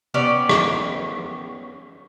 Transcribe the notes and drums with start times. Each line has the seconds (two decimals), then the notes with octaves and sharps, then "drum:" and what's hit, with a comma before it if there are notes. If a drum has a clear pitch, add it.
0.14 B3 C#4 G4 D5
0.49 drum: rim click